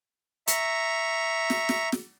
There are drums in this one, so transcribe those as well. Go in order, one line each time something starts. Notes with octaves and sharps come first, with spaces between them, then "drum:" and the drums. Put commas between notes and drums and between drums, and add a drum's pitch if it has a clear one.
E5 A#5 C#6, drum: hi-hat
drum: snare
drum: snare
drum: snare